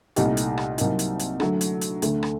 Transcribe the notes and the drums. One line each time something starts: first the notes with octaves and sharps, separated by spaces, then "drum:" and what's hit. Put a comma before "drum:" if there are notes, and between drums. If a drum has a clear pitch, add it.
C2 A#2 A3 D#4 G4, drum: hi-hat
drum: hi-hat
drum: rim click
C2 C3 F#3 A#3 D#4, drum: hi-hat
drum: hi-hat
drum: hi-hat
D3 F#3 A3, drum: rim click
drum: hi-hat
drum: hi-hat
D2 D3 A3, drum: hi-hat
drum: rim click